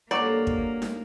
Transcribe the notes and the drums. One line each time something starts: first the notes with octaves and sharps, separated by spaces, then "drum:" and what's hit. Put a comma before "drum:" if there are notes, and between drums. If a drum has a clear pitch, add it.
G2 F#3 A#3 A4 D5 B5
drum: kick
drum: snare